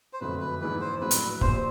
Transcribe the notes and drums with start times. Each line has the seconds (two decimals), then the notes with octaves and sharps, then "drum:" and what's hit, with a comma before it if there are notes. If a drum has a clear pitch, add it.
0.13 C5
0.21 F#1 F2 D3 F#3 A3 B4
0.41 B4
0.61 A#1 G#2 E3 B4
0.81 C5
1.01 A#1 A2 F#3 B4
1.11 drum: hi-hat
1.41 A#1 A#2 G3 C5, drum: kick